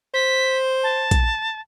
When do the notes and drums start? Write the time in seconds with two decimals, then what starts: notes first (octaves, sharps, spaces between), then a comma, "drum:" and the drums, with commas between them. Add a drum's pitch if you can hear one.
0.14 C5 B6
0.83 A5
1.11 drum: kick A#1, hi-hat